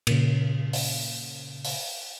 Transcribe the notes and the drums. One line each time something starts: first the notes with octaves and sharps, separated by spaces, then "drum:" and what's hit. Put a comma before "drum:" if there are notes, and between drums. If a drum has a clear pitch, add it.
A#2 C#3, drum: cymbal
drum: open hi-hat
drum: open hi-hat